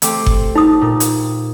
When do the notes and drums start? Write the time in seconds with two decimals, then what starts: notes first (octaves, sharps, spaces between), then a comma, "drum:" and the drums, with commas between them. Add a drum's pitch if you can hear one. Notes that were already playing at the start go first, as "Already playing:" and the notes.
0.02 A3 C4 G4, drum: hi-hat
0.26 drum: kick F#1
0.55 D#4 D#6
0.81 A#2
1.00 drum: hi-hat